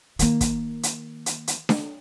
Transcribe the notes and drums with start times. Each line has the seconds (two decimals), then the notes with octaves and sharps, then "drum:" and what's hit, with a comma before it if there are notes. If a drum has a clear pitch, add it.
0.19 D#3 A#3, drum: hi-hat
0.41 drum: kick, hi-hat
0.83 drum: hi-hat
1.26 drum: hi-hat
1.48 drum: hi-hat
1.69 drum: snare D4